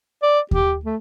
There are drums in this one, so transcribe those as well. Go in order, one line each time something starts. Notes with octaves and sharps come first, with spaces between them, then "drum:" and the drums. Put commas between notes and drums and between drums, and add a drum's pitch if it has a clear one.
D5
G4, drum: kick D#2
A3